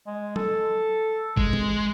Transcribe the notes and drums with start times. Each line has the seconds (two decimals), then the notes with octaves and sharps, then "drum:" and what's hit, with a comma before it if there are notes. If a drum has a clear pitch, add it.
0.07 G#3
0.36 A4, drum: tom
1.37 G#3, drum: kick G1
1.53 drum: tom